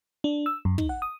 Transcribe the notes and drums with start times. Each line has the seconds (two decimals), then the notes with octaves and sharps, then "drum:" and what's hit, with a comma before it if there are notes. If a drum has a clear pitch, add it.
0.24 D4
0.46 E6
0.65 F#2
0.78 D#4, drum: kick
0.89 F#5
1.02 D#6